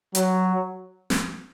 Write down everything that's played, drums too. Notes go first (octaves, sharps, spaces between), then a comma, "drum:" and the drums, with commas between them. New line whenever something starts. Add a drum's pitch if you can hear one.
F#3, drum: hi-hat
drum: snare